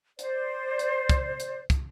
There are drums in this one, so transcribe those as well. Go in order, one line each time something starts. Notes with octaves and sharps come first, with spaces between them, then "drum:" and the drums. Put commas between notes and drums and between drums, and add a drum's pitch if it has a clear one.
C5 D5, drum: hi-hat
drum: hi-hat
drum: kick, hi-hat
drum: hi-hat
drum: kick, hi-hat